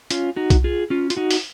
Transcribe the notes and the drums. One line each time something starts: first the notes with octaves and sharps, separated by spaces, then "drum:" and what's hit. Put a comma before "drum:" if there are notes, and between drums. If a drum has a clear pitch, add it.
C#4 F4, drum: hi-hat
D#4 F#4
drum: kick B1, hi-hat
F4 G#4
C#4 F4
F4, drum: hi-hat
D#4 F#4
drum: open hi-hat